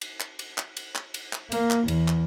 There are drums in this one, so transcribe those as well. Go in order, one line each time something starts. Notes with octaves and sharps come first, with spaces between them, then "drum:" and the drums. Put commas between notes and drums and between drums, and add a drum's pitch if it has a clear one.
drum: cymbal
drum: clap
drum: cymbal
drum: clap
drum: cymbal
drum: clap
drum: cymbal
drum: clap
A#3, drum: cymbal
drum: clap
E2, drum: cymbal
drum: clap